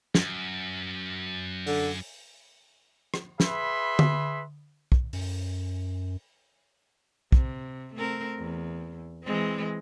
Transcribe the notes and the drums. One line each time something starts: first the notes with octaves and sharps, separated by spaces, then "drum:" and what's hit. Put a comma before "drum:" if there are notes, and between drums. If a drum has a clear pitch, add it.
F#2, drum: snare
D3, drum: open hi-hat
drum: rim click
G#4 B4 E5 B5 C6, drum: snare
drum: tom D3
drum: kick
F#2, drum: open hi-hat
C3, drum: kick
A3 C4 A#4
E2
E3 G#3 C4